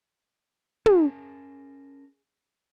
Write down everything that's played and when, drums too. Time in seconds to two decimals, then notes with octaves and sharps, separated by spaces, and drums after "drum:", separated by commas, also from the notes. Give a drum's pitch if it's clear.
0.86 C#4 G#4 A#4 A5, drum: tom